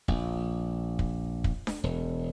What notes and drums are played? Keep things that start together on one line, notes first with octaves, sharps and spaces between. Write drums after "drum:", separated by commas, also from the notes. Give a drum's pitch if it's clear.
A#1, drum: kick
drum: kick
drum: kick
drum: snare D4
E1